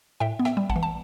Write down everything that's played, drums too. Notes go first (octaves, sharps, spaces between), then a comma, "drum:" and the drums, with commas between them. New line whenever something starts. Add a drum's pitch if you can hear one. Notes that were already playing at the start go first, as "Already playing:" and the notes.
A2 E5 G5
B3
E5 G5, drum: rim click
G3
F#5 A5, drum: kick A1
E3
A5